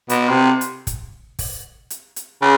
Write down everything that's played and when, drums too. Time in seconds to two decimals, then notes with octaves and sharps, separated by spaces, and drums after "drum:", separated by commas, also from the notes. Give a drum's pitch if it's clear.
0.09 B2, drum: hi-hat
0.29 C3
0.61 drum: hi-hat
0.87 drum: kick, hi-hat
1.39 drum: kick, open hi-hat
1.90 drum: hi-hat
2.16 drum: hi-hat
2.42 C#3